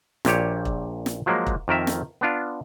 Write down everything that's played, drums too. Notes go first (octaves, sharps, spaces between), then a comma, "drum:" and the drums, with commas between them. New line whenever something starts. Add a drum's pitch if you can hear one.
A#1 A#2 G4 C#5, drum: snare
drum: kick E1
drum: snare
F3 F#3 G#3 A#3
drum: kick E1
F2 D#3 A#4 E5
drum: snare
B3 D4 F4